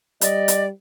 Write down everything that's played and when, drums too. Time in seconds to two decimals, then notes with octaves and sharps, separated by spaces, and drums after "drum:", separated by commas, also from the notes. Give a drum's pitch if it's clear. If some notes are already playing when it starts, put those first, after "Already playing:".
0.21 G3 D5 D#5, drum: hi-hat
0.48 drum: hi-hat